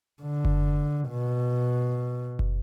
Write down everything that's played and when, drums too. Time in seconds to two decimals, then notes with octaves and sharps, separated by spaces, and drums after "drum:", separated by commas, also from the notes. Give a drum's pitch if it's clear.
0.23 D3
0.45 drum: kick F#1
1.09 B2
2.39 drum: kick F#1